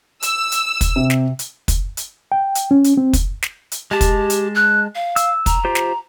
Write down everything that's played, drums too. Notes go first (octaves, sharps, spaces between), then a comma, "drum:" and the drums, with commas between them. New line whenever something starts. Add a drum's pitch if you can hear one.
E6, drum: hi-hat
drum: hi-hat
drum: kick, hi-hat
C3
drum: snare
drum: hi-hat
drum: kick, hi-hat
drum: hi-hat
G5
drum: hi-hat
C#4
drum: hi-hat
C4
drum: kick, hi-hat
drum: snare
drum: hi-hat
G#3 G4 A5
drum: kick, hi-hat
drum: hi-hat
F#6
F5
E6, drum: hi-hat
A#5, drum: kick, hi-hat
F4 G4 C5
drum: snare